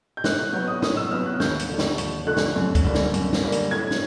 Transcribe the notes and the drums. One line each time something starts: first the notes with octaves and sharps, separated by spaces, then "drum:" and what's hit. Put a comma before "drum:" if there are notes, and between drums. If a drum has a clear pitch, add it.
G6
A2 F#6, drum: snare
F#6
F#3 B3 G6
D#6
A2 D#6, drum: snare
E6
F#3 B3 F6
F#6
D#2 G6, drum: snare
drum: hi-hat
D3 F3 A3
drum: snare
D#2, drum: hi-hat
D3 F3 A3 F#6
drum: snare
F#2
drum: kick C2, hi-hat
D3 G3 A#3
drum: snare
F#2, drum: hi-hat
drum: snare
D3 G3 A#3
drum: hi-hat
A2 G#6
drum: snare